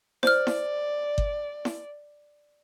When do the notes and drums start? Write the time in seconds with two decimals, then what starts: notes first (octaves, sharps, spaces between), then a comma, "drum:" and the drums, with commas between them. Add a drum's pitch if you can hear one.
0.23 C5 D5 F6, drum: snare E4
0.47 drum: snare E4
1.18 drum: kick G1
1.65 drum: snare E4